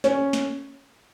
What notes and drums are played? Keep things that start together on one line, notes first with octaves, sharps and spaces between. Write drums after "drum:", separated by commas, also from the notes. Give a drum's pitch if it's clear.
C#4, drum: snare
drum: snare